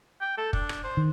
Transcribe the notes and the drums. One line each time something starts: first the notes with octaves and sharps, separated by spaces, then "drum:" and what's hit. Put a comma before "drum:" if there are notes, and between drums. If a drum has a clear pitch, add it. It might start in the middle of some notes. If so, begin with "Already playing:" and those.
G5
A4
D4, drum: kick
drum: rim click
C5
D#3